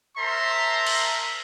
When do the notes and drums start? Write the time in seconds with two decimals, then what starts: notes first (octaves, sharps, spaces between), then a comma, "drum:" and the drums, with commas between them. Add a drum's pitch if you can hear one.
0.17 A#4 C5 E5 A5 A#5 C6
0.87 drum: cymbal